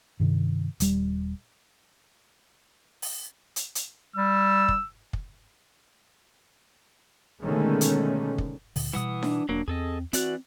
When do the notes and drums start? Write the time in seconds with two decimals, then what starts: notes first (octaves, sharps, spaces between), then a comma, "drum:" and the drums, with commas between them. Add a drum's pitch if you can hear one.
0.20 G2 C3 D#3
0.80 D#1 G3, drum: hi-hat
3.02 drum: open hi-hat
3.56 drum: hi-hat
3.75 drum: hi-hat
4.16 G3 E6
4.68 drum: kick
5.13 drum: kick
7.41 B2 D3 D#3 G#3 A3 C#4
7.81 drum: hi-hat
8.38 drum: kick
8.76 D2 A#2 D3, drum: open hi-hat
8.93 B2 E3 G3 F#5 D#6
9.23 D4, drum: snare D#4
9.49 E1 F#3 A#3 D4
9.68 E2 C4 G#4 A4 D#5
10.13 E3 C4 F#4 D5 F#6, drum: hi-hat